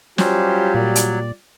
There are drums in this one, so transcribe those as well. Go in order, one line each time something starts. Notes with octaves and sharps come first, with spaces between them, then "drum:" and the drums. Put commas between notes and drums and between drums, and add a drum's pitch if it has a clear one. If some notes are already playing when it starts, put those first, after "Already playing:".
F#3 G3 C#4 F4 G4 C5, drum: snare
A#2 D5
drum: hi-hat